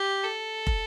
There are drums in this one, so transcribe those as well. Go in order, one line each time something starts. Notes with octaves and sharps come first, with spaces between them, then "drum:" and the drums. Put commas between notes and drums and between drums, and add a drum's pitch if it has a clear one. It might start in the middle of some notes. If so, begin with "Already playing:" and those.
Already playing: G4
A4
drum: kick